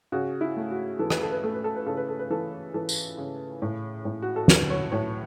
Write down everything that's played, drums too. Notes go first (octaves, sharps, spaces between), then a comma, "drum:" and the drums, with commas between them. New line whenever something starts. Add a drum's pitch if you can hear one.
C#3 F#4
E4
A3
F#4
E3 A4
B4, drum: rim click
A4
B4
A3 A4
B4
A4
B4
C#3 A4
B4
A4
B4
E3 A4
E3 A4
drum: tambourine
C#3
A2
A2
F#4
A4
F#3 B4, drum: snare
C#5
A2 C#5